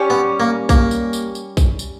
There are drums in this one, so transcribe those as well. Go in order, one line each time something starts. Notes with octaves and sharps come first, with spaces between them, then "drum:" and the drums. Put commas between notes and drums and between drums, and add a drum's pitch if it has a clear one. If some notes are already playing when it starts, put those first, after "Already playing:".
Already playing: G3 C#4 G4
B3
A#3
A#3, drum: kick A#1, tambourine
drum: tambourine
drum: tambourine
drum: tambourine
drum: kick A#1, tambourine
drum: tambourine